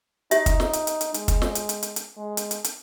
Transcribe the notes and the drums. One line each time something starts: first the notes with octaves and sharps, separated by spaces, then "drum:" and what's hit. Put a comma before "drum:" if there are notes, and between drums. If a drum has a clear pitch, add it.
D#4 G4 C#5 E5, drum: hi-hat
drum: kick, hi-hat
drum: snare
drum: hi-hat
drum: hi-hat
drum: hi-hat
G#3, drum: hi-hat
drum: kick, hi-hat
drum: snare
drum: hi-hat
drum: hi-hat
drum: hi-hat
drum: hi-hat
G#3
drum: hi-hat
drum: hi-hat
drum: hi-hat